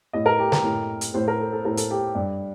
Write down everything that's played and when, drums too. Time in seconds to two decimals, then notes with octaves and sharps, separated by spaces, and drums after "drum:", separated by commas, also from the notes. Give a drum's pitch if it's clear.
0.13 A2 D#5
0.26 A#4
0.39 G4
0.52 A#4, drum: snare
0.64 A2
1.01 drum: hi-hat
1.14 A2 C5
1.28 A#4
1.40 A4
1.52 A4
1.65 A2 A#4
1.77 A4, drum: hi-hat
1.91 G4
2.15 G2